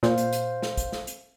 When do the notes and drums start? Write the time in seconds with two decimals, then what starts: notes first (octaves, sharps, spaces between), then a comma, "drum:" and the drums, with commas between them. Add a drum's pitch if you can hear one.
0.03 A#2 C5 F5, drum: snare
0.18 drum: hi-hat
0.33 drum: hi-hat
0.62 drum: snare
0.77 drum: kick, hi-hat
0.92 drum: snare
1.07 drum: hi-hat